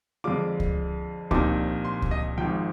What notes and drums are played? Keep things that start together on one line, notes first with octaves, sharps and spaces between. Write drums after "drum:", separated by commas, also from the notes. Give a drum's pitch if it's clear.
F2 D3 G#3 D4 F4 D6
drum: kick C#2
A#1 A#2 G3 C4 D#4 D6, drum: kick C#2
C6
drum: kick C#2
D#5
G#1 G#2 F3 G5